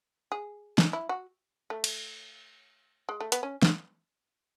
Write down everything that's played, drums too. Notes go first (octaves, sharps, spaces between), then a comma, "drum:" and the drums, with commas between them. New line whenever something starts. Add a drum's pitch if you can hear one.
G#4
D#4, drum: snare
E4
F#4
A3
drum: cymbal
G#3
A3
B3, drum: hi-hat
C#4
drum: snare